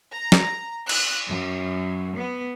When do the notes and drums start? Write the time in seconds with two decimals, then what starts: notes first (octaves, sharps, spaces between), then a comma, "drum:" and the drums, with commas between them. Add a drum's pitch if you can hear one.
0.14 A#5
0.32 drum: snare
0.89 F#6, drum: cymbal
1.28 F#2
2.18 B3